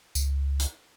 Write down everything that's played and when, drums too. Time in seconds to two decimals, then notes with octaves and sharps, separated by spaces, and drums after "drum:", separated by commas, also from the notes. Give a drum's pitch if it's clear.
0.15 C#2, drum: tambourine
0.60 drum: hi-hat